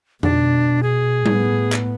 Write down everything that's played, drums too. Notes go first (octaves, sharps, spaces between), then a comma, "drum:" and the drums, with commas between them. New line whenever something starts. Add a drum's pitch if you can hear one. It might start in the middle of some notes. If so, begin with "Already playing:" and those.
B2 D4, drum: tom F2
G#4
A2 B3, drum: tom G3
drum: clap